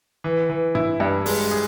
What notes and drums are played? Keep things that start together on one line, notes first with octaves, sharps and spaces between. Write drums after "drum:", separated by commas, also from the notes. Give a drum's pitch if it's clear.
E3
E3
E4, drum: tom G2
G2
G#3, drum: open hi-hat
G#4